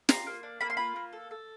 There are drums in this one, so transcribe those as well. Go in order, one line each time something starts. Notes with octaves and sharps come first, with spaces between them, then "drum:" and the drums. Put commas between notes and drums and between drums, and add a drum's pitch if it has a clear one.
F4 A#5, drum: snare
A#3
D4
A#3 B5
C6
F4 B5
A#3
A4
A4